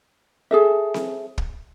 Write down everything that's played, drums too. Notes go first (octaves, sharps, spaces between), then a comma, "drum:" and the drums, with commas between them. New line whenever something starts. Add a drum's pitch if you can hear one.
G#4 A4 E5
drum: snare C4
drum: kick